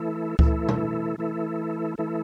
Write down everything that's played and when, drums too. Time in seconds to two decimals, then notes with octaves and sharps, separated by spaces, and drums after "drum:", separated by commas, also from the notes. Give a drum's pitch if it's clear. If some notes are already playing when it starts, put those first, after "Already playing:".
Already playing: E3 A3 E4 A4
0.39 E3 A3 E4 A4, drum: kick C#2
0.68 drum: tom B2
1.18 E3 A3 E4 A4
1.98 E3 A3 E4 A4